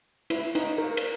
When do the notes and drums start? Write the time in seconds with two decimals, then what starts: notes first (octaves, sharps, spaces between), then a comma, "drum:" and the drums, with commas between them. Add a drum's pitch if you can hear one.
0.30 E4, drum: cymbal
0.55 D#4, drum: cymbal
0.78 A#4
0.97 drum: cymbal